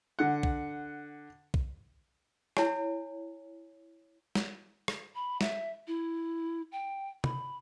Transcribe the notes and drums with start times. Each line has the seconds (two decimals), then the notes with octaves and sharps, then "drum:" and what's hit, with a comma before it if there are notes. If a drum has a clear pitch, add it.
0.19 D3 F#5
0.43 drum: kick B1
1.54 drum: kick B1
2.57 E4 C#5 G#5, drum: rim click
4.35 drum: snare
4.88 drum: rim click
5.15 B5
5.41 E5, drum: snare
5.87 E4
6.72 G5
7.24 B5, drum: tom C3